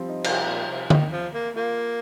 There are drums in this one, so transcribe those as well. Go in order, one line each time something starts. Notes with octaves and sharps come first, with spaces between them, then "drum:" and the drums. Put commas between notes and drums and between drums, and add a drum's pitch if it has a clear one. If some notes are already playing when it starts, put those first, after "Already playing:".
Already playing: F3 G3 C4
D#4
C3 F4, drum: cymbal
A#2
C3
D#3, drum: tom D3
F3
A#3
A#3 F4